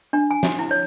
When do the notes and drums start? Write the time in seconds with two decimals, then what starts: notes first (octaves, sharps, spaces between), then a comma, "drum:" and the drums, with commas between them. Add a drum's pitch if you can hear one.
0.13 D4
0.31 G#5
0.43 drum: snare
0.59 E4
0.71 C#5